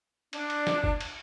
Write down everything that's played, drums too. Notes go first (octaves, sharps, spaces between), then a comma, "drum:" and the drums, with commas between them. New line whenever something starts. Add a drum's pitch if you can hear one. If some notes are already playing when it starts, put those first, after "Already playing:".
D4, drum: cymbal
drum: cymbal
drum: snare
drum: kick
drum: cymbal